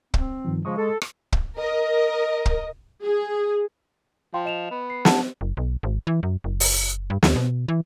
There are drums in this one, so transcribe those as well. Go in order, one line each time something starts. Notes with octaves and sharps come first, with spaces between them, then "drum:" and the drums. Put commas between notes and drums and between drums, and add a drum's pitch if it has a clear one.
C4, drum: kick
G2 D#3 F3
C#3 F3 G#3 C#6 D#6
G#3 A4
drum: rim click
drum: kick
A#4 D#5
drum: kick
G#4
F3 F5 G5 C6
D#5 E7 F7
B3
C7
D4 F#5 A5, drum: snare
F#1
B1
G#1
E3
F#2
F#1
drum: open hi-hat
G2
D#2, drum: snare
B2
E3